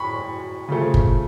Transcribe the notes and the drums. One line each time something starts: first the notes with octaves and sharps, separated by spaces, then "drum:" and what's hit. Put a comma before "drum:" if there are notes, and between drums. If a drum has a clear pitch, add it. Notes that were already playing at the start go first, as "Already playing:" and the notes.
Already playing: A2 B5 C#6
C#3 F3 A3
drum: kick G1